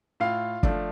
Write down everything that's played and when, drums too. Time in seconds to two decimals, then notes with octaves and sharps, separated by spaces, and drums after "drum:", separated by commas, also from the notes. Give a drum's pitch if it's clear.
0.20 A2 F4 F5
0.63 F3 A3 D4, drum: kick